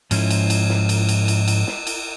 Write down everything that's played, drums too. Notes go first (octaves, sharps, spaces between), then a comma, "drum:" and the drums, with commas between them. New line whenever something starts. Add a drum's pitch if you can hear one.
G#2 F3 C#4 E4, drum: cymbal
drum: cymbal
drum: cymbal
drum: snare
drum: cymbal
drum: cymbal
drum: cymbal
drum: cymbal
drum: snare
drum: cymbal